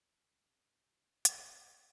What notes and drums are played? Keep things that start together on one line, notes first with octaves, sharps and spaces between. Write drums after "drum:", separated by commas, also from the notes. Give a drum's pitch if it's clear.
E2
C#2
C2 G2 C3
drum: hi-hat